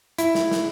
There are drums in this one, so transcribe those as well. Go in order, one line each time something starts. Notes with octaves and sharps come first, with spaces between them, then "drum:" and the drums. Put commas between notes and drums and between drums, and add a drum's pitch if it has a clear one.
E4, drum: hi-hat
drum: snare
drum: snare